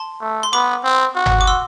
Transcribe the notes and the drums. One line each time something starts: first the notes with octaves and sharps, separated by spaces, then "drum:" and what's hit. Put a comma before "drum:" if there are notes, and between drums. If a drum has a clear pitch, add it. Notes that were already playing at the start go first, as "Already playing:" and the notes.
Already playing: A5 C6
A3
C6
B3 B5 D6
C4
F#4
drum: tom G1
D6
C6 E6